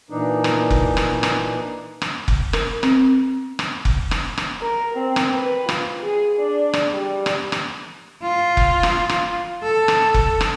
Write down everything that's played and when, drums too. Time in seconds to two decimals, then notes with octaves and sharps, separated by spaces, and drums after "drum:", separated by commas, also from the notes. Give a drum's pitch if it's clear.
0.10 A#2 E3 D4 D#4
0.44 drum: rim click
0.70 drum: kick F1
0.97 drum: rim click
1.23 drum: rim click
2.02 drum: rim click
2.28 drum: kick F1
2.53 A#4, drum: rim click
2.83 C4, drum: rim click
3.59 drum: rim click
3.85 drum: kick F1
4.11 drum: rim click
4.38 drum: rim click
4.61 A#4
4.94 C4
5.16 drum: rim click
5.35 B4
5.69 F4, drum: rim click
6.02 G#4
6.39 D4
6.73 drum: rim click
6.93 G3
7.26 drum: rim click
7.52 drum: rim click
8.22 F4
8.57 drum: kick F1
8.83 drum: rim click
9.09 drum: rim click
9.63 A4
9.88 drum: rim click
10.14 drum: kick F1
10.41 drum: rim click